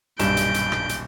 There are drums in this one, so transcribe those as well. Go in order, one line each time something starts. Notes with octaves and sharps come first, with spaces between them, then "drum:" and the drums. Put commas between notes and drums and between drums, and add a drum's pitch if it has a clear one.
D#1 B1 G2 G6 D7 E7, drum: hi-hat
drum: hi-hat
drum: hi-hat
drum: rim click
drum: hi-hat